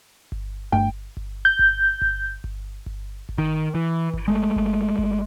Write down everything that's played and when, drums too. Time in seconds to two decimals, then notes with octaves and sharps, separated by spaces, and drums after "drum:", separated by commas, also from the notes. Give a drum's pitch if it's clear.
0.32 drum: kick G1
0.72 G2 A3 G5, drum: kick G1
1.17 drum: kick G1
1.45 G6
1.59 drum: kick G1
2.02 drum: kick G1
2.44 drum: kick G1
2.86 drum: kick G1
3.29 drum: kick G1
3.38 D#3
3.75 E3
4.14 drum: kick G1
4.28 G#3 A3
4.56 drum: kick G1
4.98 drum: kick G1